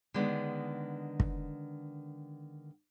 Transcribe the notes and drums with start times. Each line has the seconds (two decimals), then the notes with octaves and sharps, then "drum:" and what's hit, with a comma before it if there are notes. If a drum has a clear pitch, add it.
0.14 D3 D#3 G#3 B3
1.20 drum: kick